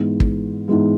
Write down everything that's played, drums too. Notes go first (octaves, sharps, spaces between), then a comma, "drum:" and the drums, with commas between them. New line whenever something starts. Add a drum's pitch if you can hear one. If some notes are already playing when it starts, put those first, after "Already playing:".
Already playing: G#2 E3 G#3 B3
drum: kick
G#2 E3 G#3 B3